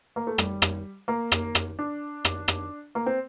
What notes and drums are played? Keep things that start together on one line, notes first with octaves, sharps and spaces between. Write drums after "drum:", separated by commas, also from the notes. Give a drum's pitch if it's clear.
A#3
A3
G3, drum: rim click
drum: rim click
A#3
drum: rim click
drum: rim click
D4
drum: rim click
drum: rim click
A#3
C4